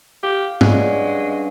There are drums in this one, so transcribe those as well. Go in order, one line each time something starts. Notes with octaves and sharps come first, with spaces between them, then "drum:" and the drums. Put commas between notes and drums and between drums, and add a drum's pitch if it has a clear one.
G4 F5
G2 G#3 C#4 F#5, drum: tom